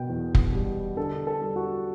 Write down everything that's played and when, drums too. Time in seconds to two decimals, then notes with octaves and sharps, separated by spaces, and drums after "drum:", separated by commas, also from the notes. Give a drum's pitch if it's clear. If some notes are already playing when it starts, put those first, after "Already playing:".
Already playing: B2 G5
0.09 E2
0.35 drum: kick
0.53 G3
0.97 D3 A4
1.27 A4
1.41 G3
1.56 F#4